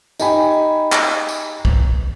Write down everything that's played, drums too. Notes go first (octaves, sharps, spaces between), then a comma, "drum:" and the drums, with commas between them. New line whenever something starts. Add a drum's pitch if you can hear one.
D#4 G4 G5 G#5 B5, drum: tambourine
drum: clap
drum: tambourine
drum: kick